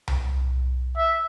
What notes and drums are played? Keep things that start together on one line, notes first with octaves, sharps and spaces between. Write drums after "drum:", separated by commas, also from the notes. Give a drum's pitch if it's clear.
drum: tom C2
E5